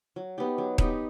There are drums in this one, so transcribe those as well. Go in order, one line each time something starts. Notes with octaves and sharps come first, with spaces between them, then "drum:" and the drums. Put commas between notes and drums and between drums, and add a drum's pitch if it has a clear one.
F#3
B3 D#4 G4
F#3
B3 D#4 G4, drum: kick D#1